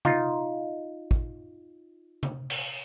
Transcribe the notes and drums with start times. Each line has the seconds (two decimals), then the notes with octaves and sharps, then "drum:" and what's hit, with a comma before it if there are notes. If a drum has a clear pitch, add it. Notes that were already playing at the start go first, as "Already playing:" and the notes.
0.05 D#4 F4, drum: tom C3
1.11 drum: kick
2.23 drum: tom C3
2.50 drum: cymbal